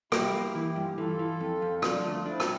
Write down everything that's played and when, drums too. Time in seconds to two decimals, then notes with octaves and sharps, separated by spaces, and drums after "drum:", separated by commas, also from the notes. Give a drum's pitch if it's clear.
0.12 A#3 E4 G4, drum: rim click
0.34 A#3
0.55 E3
0.73 G2 E4
0.81 F4
0.90 G4
0.97 E3 F4 A4
1.19 E3
1.40 F2
1.62 F2
1.82 D3 D4 F4, drum: rim click
2.04 A3
2.26 C4 D4 E4
2.40 drum: rim click